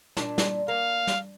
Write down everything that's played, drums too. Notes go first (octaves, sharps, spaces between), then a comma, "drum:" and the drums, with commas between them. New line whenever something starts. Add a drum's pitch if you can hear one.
A#2 D4, drum: snare
drum: snare
A#3 F5
drum: snare